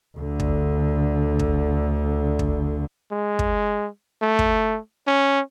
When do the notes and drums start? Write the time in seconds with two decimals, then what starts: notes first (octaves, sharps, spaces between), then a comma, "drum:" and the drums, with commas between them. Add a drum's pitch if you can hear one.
0.18 D2 D3
0.40 drum: kick
1.39 drum: kick
2.39 drum: kick
3.12 G#3
3.39 drum: kick
4.22 A3
4.39 drum: kick
5.07 C#4